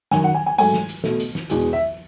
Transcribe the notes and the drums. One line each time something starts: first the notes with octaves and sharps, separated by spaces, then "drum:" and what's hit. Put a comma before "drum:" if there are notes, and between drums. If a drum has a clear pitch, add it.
F#2 D#3 F#3 G#5, drum: snare
F#5
G#5
G#5
G#2 F#3 A3 G#5, drum: hi-hat
drum: snare
drum: hi-hat
B2 A3, drum: snare
drum: hi-hat
drum: snare
E2 B2 G#3, drum: hi-hat
E5